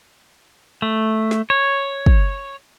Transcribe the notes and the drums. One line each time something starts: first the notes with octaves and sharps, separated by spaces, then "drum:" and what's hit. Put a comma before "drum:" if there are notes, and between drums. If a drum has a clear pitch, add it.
A3
drum: snare
C#5
drum: kick